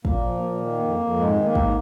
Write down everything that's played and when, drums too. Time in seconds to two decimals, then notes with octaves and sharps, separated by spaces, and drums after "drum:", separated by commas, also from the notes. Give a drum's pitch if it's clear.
0.05 A#2 A#3, drum: kick
0.24 F3
0.42 A#2
0.60 D#3
0.79 F2
0.99 F2
1.17 G#2 G#3
1.37 D#3
1.45 A#3
1.55 G#2, drum: kick